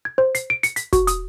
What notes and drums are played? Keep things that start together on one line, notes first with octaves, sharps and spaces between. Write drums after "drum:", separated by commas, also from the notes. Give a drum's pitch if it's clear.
G#6
C5
C7, drum: hi-hat
D7
C#7, drum: hi-hat
B6, drum: hi-hat
F#4, drum: kick, hi-hat
D#6, drum: hi-hat